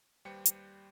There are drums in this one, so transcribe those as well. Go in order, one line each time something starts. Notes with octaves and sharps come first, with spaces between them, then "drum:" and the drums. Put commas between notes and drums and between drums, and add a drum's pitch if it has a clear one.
D#2 G3 B4 C5 G5 C#7
drum: hi-hat